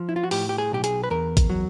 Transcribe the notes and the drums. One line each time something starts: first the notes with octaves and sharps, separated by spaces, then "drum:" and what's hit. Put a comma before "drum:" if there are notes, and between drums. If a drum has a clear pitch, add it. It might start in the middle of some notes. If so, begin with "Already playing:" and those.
Already playing: F3
E4
F4
F#4
A2 G4, drum: open hi-hat
G4
G#4
B1 G4
G#4, drum: hi-hat
B4
E2 A#4
drum: kick A1, hi-hat
F#3